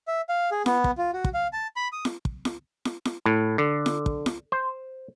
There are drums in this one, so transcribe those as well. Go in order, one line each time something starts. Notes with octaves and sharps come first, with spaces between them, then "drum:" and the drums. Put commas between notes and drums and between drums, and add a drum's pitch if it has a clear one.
E5
F5
G#4
B3, drum: snare
drum: kick
F4
F#4
drum: kick
F5
A5
B5
D#6
drum: snare
drum: kick
drum: snare
drum: snare
drum: snare
A2
D3
drum: snare
drum: kick
drum: snare
C5